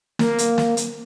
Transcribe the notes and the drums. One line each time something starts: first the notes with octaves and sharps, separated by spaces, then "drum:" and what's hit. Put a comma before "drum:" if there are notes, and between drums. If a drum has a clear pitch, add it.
A#3, drum: snare
drum: hi-hat
drum: snare
drum: hi-hat